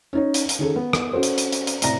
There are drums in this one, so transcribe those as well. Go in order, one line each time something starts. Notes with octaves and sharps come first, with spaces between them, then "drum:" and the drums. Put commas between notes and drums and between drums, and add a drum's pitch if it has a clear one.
C#4 D#4 C#5
drum: hi-hat
drum: hi-hat
D#3 C#4 G#4 A4
B3
drum: rim click
C#4 F#4 A4 C5
drum: hi-hat
drum: hi-hat
drum: hi-hat
drum: hi-hat
A2 C3 D5 A#5 A#6, drum: hi-hat